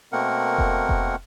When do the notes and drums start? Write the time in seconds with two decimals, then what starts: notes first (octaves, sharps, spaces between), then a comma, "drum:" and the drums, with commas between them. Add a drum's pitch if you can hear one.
0.12 B2 A3 A#3 C4 A#4 F#5
0.58 drum: kick F1
0.89 drum: kick F1